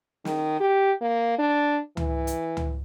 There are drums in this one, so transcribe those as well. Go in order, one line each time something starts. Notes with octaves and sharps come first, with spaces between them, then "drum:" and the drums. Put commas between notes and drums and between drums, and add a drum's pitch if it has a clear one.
D#3, drum: snare
G4
A#3
D4
E3, drum: tom C#2
drum: hi-hat
drum: tom C#2